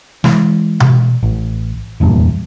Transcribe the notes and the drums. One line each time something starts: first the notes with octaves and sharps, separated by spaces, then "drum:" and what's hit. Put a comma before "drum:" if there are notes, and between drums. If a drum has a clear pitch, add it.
E3 G#3, drum: snare
drum: tom B2
A1
F1 E2 G2 A#2